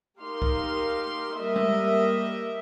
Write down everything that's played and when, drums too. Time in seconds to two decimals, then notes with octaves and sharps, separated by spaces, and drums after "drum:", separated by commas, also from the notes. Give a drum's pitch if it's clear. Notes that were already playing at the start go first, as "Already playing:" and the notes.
0.19 D#4 G4 A#4 F5 C6
0.42 drum: kick C2
1.35 G3 A#3 A#4 D#5 E5
1.56 drum: tom G#3